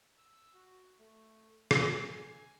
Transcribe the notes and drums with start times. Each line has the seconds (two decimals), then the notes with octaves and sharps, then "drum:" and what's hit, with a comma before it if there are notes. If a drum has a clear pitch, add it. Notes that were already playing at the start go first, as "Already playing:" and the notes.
0.17 E6
0.54 F#4
0.99 A3
1.71 G#5, drum: rim click